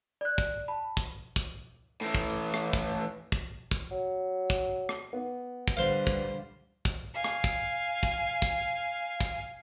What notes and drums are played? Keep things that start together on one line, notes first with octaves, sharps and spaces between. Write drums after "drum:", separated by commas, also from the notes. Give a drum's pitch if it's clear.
D5 F#6
drum: kick
A5 B5
drum: kick
drum: kick
A2 E3
drum: kick
drum: rim click
drum: kick
drum: kick
drum: kick
F#3
drum: kick
drum: rim click
B3
drum: kick
D3 G3 B4 C5 F5
drum: kick
drum: kick
F5 G#5
drum: rim click
drum: kick
drum: kick
drum: kick
drum: kick